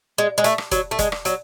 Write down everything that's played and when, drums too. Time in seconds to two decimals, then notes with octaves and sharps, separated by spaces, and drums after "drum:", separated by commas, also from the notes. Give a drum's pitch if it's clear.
0.18 G#3
0.38 G#3
0.44 A3, drum: hi-hat
0.58 drum: rim click
0.72 F#3, drum: kick, hi-hat
0.91 A3
0.99 G#3, drum: kick, hi-hat
1.12 drum: rim click
1.25 F#3, drum: hi-hat